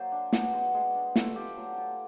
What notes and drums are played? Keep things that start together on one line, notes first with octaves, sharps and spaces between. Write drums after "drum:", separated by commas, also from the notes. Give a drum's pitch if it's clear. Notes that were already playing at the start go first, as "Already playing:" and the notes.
Already playing: F#3 A#3 C5 D5
D4
B3, drum: snare
G#3 F#4
G#3
D4
A3, drum: snare
F4 G4
F#3
F4